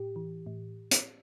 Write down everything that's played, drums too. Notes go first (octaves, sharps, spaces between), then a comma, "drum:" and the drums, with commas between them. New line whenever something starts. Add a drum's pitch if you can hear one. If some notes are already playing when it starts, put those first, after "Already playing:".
Already playing: A2 G4
E3
A2
drum: hi-hat